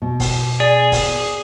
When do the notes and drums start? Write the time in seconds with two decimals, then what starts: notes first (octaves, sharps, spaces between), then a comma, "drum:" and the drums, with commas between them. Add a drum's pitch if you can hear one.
0.02 B2
0.20 drum: kick, open hi-hat
0.60 G#4 D5
0.92 drum: kick, open hi-hat